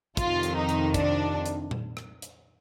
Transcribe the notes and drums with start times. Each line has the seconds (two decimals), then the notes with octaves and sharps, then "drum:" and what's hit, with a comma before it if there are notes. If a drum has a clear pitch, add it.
0.17 F2 C3 D#3 F4, drum: kick, hi-hat
0.43 drum: hi-hat
0.56 D#4
0.69 drum: hi-hat
0.94 D4, drum: kick, hi-hat
1.46 drum: hi-hat
1.71 drum: tom A#2
1.97 drum: rim click
2.22 drum: hi-hat